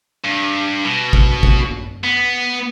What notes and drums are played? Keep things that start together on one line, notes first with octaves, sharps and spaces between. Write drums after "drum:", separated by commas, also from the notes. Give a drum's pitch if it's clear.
G2
B2
drum: kick
drum: kick
B3